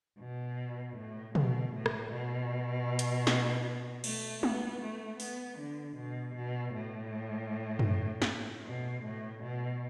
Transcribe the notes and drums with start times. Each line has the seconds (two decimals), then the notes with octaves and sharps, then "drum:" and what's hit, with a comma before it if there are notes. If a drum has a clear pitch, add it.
0.20 B2
0.97 A2
1.35 B2, drum: tom B2
1.74 A2
1.86 drum: rim click
2.12 B2
2.99 drum: hi-hat
3.27 drum: snare
4.04 A3, drum: cymbal
4.43 B3, drum: tom G#3
4.82 A3
5.20 B3, drum: open hi-hat
5.58 D3
5.96 B2
6.35 B2
6.74 A2
7.79 drum: tom
8.22 drum: snare
8.65 B2
9.04 A2
9.43 B2